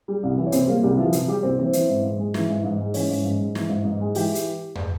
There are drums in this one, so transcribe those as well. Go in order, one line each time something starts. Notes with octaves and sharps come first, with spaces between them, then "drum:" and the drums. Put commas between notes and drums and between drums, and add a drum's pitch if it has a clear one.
G3
C2
E3
C#5
C3 C4 C5, drum: hi-hat
G3 A#3 A#4
C2 G3 G4
E3 F3 F4
C3 F3 F4, drum: hi-hat
G3 G4
C2 C4 C5
E3 C4 C5
E3, drum: hi-hat
G#2
G#2
G#3
E3, drum: snare
G#2
G#2
G#3
E3 C#4 C#5, drum: open hi-hat
G#2
G#2
G#3
E3, drum: snare
G#2
G#2
G#3
E3 G4 G5, drum: open hi-hat
drum: hi-hat
drum: tom